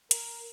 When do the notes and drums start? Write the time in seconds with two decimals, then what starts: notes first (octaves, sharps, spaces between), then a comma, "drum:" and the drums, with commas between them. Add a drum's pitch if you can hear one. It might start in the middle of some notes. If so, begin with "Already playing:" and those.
0.11 A#4, drum: hi-hat